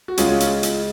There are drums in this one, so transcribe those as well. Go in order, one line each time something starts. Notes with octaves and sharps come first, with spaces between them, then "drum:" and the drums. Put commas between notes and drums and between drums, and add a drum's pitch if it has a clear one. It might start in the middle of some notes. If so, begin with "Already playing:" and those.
F#4
C#2 C#3 G#3 C#4 F4, drum: hi-hat
drum: hi-hat
drum: hi-hat